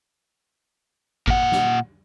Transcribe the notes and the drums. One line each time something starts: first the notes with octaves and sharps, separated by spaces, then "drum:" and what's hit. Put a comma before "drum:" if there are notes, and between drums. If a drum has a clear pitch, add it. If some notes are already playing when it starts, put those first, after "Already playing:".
A#2 F#5, drum: kick G#1
drum: snare